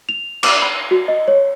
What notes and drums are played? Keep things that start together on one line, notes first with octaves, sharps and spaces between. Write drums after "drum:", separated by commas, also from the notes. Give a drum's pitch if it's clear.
F7
D6, drum: cymbal
B5
F#4
D#5
C#5